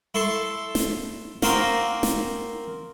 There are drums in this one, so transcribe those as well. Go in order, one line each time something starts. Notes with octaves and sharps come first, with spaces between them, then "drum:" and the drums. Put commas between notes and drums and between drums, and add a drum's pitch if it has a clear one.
E4 A4 C6 C#6
drum: snare
A#3 C4 F#4 A#4 D#5 F5, drum: snare
drum: snare